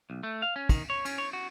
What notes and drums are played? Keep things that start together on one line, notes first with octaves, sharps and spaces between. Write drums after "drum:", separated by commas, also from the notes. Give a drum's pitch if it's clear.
B1
A3
F5
C#4
D#3, drum: kick, cymbal
C#5
C#4, drum: cymbal
C#5
F#4